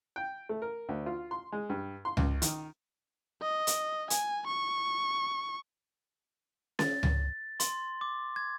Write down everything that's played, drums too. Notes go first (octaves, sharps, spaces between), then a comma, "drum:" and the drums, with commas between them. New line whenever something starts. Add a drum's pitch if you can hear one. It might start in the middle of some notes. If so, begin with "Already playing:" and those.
G5
A3
A#4
D2
F4
C6
G#3
G2
C6
C#2, drum: tom C#2
D#3, drum: hi-hat
D#5
drum: hi-hat
G#5, drum: hi-hat
C#6
A6, drum: snare C#4
drum: tom C#2
C6, drum: hi-hat
D6
G#6